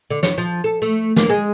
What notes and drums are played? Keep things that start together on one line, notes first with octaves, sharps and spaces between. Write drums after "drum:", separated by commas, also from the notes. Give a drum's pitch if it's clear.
D3
C#5, drum: snare
F3
A4
A3
A#3, drum: snare
G#3